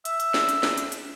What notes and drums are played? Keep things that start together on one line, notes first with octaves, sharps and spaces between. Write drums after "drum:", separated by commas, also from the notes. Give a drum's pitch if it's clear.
E5, drum: hi-hat
drum: hi-hat
drum: snare
drum: hi-hat
drum: snare
drum: hi-hat
drum: hi-hat